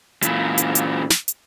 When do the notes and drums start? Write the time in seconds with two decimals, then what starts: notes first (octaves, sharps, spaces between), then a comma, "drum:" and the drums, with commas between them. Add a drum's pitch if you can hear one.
0.22 A#2 E3, drum: hi-hat
0.58 drum: hi-hat
0.75 drum: hi-hat
1.10 drum: snare
1.28 drum: hi-hat